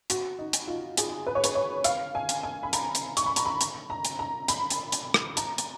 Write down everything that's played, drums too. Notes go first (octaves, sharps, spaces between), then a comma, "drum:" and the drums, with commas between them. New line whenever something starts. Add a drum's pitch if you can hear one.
F#4, drum: hi-hat
D#4
drum: hi-hat
F4
G#4, drum: hi-hat
B4
C#5
B4, drum: hi-hat
C#5
F5, drum: hi-hat
G#5
drum: hi-hat
G#5
B5
A#5, drum: hi-hat
drum: hi-hat
C#6, drum: hi-hat
B5
A#5, drum: hi-hat
B5
drum: hi-hat
A#5
drum: hi-hat
A#5
B5, drum: hi-hat
drum: hi-hat
drum: hi-hat
drum: rim click
A#5, drum: hi-hat
drum: hi-hat